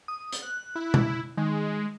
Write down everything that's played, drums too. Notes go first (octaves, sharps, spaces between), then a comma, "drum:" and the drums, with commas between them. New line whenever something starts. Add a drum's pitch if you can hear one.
D#6
drum: hi-hat
F#6
E4
drum: tom B2
D#3 G#3